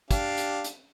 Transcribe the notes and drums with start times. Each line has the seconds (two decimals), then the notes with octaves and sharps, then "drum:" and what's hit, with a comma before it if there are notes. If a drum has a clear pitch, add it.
0.11 D4 G4 F5, drum: kick, hi-hat
0.37 drum: hi-hat
0.64 drum: hi-hat